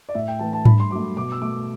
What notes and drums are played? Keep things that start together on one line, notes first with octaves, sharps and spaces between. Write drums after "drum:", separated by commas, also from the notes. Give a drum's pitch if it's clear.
D5
A2 E5
G5
E3 A3 A5
A5
G2 B5, drum: tom G#2
C6
F#3 A3 D6
B2 D6
E6
A3 D6